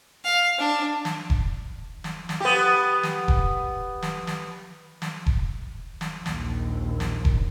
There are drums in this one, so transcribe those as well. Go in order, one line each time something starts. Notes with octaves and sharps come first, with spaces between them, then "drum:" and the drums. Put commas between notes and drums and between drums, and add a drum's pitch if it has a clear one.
F5
D4
drum: snare
drum: kick E1
drum: snare
drum: snare
B3 G4
drum: snare
drum: kick E1
drum: snare
drum: snare
drum: snare
drum: kick E1
drum: snare
A#1 D#2, drum: snare
drum: snare
drum: kick E1